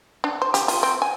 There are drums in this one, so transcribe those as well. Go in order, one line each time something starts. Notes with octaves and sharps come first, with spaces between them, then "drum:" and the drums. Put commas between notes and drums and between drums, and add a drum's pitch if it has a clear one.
D4
C5
G4, drum: hi-hat
F4, drum: open hi-hat
C4
G#5